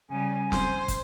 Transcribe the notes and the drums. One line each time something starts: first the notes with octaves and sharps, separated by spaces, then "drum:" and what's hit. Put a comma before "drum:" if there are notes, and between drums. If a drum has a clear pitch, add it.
C#3 G3 G#5
C5, drum: snare
drum: kick, hi-hat